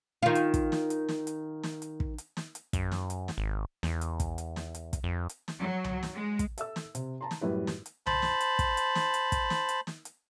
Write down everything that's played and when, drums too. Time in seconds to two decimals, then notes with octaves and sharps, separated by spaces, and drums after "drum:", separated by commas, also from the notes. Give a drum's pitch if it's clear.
0.23 D#3 F4
0.35 drum: hi-hat
0.54 drum: kick, hi-hat
0.72 drum: snare
0.90 drum: hi-hat
1.09 drum: snare
1.27 drum: hi-hat
1.63 drum: snare
1.82 drum: hi-hat
2.00 drum: kick
2.18 drum: hi-hat
2.37 drum: snare
2.55 drum: hi-hat
2.73 F#2, drum: kick, hi-hat
2.92 drum: snare
3.10 drum: hi-hat
3.28 drum: snare
3.38 G#1
3.83 E2, drum: snare
4.01 drum: hi-hat
4.20 drum: kick, hi-hat
4.38 drum: hi-hat
4.56 drum: snare
4.75 drum: hi-hat
4.93 drum: kick, hi-hat
5.04 F2
5.29 drum: hi-hat
5.48 drum: snare
5.60 F#3
5.84 drum: tom C2
6.03 drum: snare
6.13 G#3
6.39 drum: kick, hi-hat
6.58 A4 E5 E6, drum: hi-hat
6.76 drum: snare
6.95 C3, drum: hi-hat
7.21 A5 A#5 C6
7.31 drum: snare
7.41 F#2 A2 G3 E4 B4
7.67 drum: snare
7.86 drum: hi-hat
8.06 C5 A5 B5, drum: tom C2
8.22 drum: snare
8.41 drum: hi-hat
8.59 drum: kick, hi-hat
8.77 drum: hi-hat
8.95 drum: snare
9.14 drum: hi-hat
9.32 drum: kick, hi-hat
9.50 drum: snare
9.69 drum: hi-hat
9.87 drum: snare
10.05 drum: hi-hat